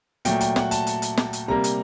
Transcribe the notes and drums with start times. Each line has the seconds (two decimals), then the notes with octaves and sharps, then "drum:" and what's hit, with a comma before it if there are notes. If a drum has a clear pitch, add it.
0.25 A#2 F#3 A3 G5, drum: hi-hat
0.41 G5, drum: hi-hat
0.56 F#5, drum: snare
0.71 A5, drum: hi-hat
0.87 drum: hi-hat
1.02 drum: hi-hat
1.17 drum: snare
1.33 drum: hi-hat
1.48 C3 G3 A#3 A#5
1.64 drum: hi-hat